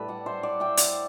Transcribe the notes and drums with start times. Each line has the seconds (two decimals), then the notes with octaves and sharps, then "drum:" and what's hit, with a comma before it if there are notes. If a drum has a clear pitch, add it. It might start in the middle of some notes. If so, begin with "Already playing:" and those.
Already playing: A2 G3 A4 B4
0.08 D5 F#5
0.26 C5 E5
0.43 D5 F#5
0.60 E5 G5
0.77 D5 F#5, drum: hi-hat